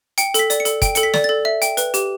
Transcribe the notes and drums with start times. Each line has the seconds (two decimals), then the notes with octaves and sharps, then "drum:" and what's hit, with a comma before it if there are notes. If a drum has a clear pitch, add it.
0.18 G5 C#7, drum: hi-hat
0.34 A4 B6, drum: hi-hat
0.50 D5, drum: hi-hat
0.60 C#7
0.65 A4, drum: hi-hat
0.82 G5 D7, drum: kick, hi-hat
0.95 A4 C#7, drum: hi-hat
1.03 B6
1.14 D5, drum: snare
1.24 A4 A6
1.45 E5
1.62 G5, drum: hi-hat
1.77 B4, drum: hi-hat
1.94 G4, drum: hi-hat